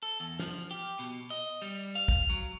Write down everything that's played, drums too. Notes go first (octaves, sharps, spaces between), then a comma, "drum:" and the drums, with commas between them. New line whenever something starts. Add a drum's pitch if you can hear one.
A4
E2, drum: tambourine
F3, drum: snare
drum: tambourine
G4
drum: tambourine
B2
D#5
drum: tambourine
G3
F5
drum: kick, tambourine
F#3, drum: tambourine